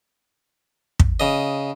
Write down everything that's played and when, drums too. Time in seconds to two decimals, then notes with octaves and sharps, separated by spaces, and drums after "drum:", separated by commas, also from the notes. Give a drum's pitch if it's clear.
0.99 drum: kick
1.20 C#3 D#5